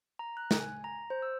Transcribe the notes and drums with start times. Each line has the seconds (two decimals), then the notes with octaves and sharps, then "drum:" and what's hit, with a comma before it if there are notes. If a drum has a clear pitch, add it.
0.19 A#5
0.37 F#6
0.51 drum: snare
0.60 G#5
0.84 A#5
1.10 C5
1.22 E6